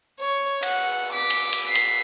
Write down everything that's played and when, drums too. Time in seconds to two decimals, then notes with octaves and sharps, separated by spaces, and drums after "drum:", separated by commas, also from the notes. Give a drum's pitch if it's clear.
0.20 C#5
0.63 F#5, drum: cymbal
1.13 D6 B6
1.30 drum: cymbal
1.53 drum: cymbal
1.66 B6 C7
1.75 drum: cymbal